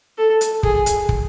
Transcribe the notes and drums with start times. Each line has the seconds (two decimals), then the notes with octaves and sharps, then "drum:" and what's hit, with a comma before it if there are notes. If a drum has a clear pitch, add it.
0.18 A4
0.41 drum: hi-hat
0.63 G#4, drum: kick
0.86 drum: hi-hat
1.09 drum: kick